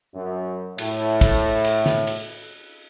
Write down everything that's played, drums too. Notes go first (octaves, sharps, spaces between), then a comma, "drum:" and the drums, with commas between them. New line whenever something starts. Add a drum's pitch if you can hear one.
F#2
A2, drum: cymbal
drum: kick, cymbal
drum: cymbal
drum: snare
drum: cymbal